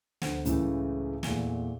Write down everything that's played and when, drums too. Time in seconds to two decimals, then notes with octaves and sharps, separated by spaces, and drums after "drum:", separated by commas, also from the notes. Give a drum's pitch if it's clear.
0.22 D2 C5 F#5, drum: snare
0.45 C#2 A2 C#3 E3 G#3 A3, drum: hi-hat
1.23 E2 A#2 A3 G#5 G7, drum: snare